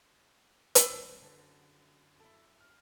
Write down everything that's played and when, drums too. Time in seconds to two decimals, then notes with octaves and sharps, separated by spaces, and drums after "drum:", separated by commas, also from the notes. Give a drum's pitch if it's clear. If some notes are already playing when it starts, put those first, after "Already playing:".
0.75 drum: hi-hat
0.90 E1 C2
1.22 F#2 D3
2.20 E4 A4
2.60 F6